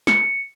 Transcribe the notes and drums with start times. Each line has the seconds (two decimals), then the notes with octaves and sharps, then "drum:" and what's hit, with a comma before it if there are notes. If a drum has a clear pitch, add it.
0.07 C#7, drum: snare